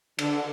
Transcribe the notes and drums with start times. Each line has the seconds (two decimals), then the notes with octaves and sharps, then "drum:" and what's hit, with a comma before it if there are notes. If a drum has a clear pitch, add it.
0.19 D3, drum: cymbal